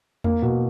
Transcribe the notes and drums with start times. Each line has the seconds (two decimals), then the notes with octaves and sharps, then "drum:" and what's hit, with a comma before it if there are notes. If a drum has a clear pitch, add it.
0.24 A#3, drum: tom E2
0.42 B2